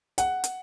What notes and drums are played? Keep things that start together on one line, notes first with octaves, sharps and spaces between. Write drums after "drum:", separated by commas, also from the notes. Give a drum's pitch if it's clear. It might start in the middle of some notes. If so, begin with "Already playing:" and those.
F#5, drum: hi-hat
drum: hi-hat